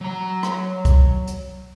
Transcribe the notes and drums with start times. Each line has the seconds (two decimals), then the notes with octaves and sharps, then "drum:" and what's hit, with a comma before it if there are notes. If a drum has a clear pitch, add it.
0.01 F#3 A#5
0.43 drum: rim click
0.85 drum: kick C2, hi-hat
1.27 drum: hi-hat